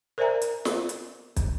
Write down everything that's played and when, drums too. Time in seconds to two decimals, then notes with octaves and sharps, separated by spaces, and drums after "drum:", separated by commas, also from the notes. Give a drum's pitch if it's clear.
0.18 A#4 C5 D5 E5 G#5 A#5
0.42 drum: hi-hat
0.65 drum: snare
0.89 drum: hi-hat
1.36 drum: kick, hi-hat